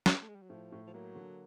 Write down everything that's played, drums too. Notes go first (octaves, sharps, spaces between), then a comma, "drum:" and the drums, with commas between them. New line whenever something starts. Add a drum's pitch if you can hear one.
drum: snare
A3
G#3
G3
F#3
A2 F3
A2
F3
F#3 A#3
D3